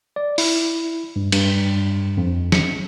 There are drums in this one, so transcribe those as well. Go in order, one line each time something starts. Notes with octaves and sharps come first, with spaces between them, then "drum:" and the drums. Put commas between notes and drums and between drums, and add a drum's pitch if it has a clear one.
D5
E4, drum: open hi-hat
G2
G2, drum: cymbal
F2
C#7, drum: snare